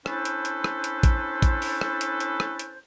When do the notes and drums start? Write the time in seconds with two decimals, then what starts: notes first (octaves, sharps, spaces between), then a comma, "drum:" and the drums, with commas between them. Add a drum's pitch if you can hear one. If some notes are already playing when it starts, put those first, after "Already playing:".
0.06 C#4 D4 E4 A4 B4 C5, drum: rim click
0.25 drum: hi-hat
0.45 drum: hi-hat
0.64 drum: rim click
0.84 drum: hi-hat
1.03 drum: kick A1, hi-hat
1.42 drum: kick A1, hi-hat
1.62 drum: open hi-hat
1.81 drum: rim click
2.01 drum: hi-hat
2.20 drum: hi-hat
2.40 drum: rim click
2.59 drum: hi-hat